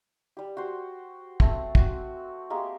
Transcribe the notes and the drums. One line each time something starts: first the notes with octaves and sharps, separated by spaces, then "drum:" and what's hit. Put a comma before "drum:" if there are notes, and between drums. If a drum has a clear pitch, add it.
G3 G4
F#4 G4 C5
A3 C4 F#5, drum: kick
C4 F#4, drum: kick
G#3 A#3 G4